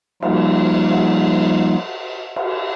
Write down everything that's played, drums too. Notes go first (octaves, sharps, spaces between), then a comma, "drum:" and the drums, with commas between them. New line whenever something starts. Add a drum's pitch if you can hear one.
F3 G3 A#3 D#4 F4, drum: cymbal
drum: cymbal
drum: cymbal